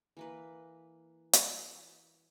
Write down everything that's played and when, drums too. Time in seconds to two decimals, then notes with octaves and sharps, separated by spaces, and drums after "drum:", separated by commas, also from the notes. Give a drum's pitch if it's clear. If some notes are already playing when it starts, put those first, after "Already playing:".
0.17 E3 A#3 B4
1.33 drum: hi-hat